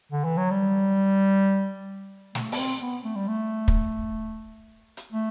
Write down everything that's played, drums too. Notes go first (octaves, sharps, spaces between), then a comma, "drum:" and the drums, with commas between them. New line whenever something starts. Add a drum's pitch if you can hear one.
D3
E3
F#3
G3
A3, drum: snare
B3, drum: open hi-hat
C4
B3
A3
G3
A3
drum: kick
drum: hi-hat
A3